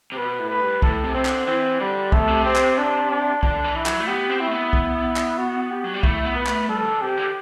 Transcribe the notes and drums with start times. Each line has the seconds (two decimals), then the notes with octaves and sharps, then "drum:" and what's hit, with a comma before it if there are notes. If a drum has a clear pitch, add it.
0.12 C3
0.17 B2 B4
0.39 A2
0.49 B4
0.61 G2
0.82 A2 A4, drum: kick B1
1.04 C3
1.15 C3 C4
1.25 D3, drum: clap
1.47 E3 C4
1.80 D3 G3
2.12 C3 A3, drum: kick B1
2.20 B2
2.28 C3
2.45 C4
2.56 drum: clap
2.78 D4
3.11 D4
3.43 D3 D4, drum: kick B1
3.64 E3
3.76 E4
3.86 F#3, drum: clap
4.00 A3
4.07 B3 G4
4.30 C4
4.40 E4
4.47 A3
4.51 B3
4.73 drum: kick B1
5.16 drum: clap
5.38 F#4
5.71 G4
5.84 F#3
5.94 G3
6.03 A3 E4, drum: kick B1
6.25 B3
6.36 B4
6.47 A3, drum: clap
6.69 G3 A4
6.81 E3
6.85 D3
7.01 C3 G4
7.17 D3